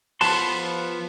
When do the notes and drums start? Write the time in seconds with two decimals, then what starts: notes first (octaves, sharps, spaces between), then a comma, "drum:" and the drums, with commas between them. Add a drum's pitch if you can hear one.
0.21 F3 B3 B4 A5 C6, drum: open hi-hat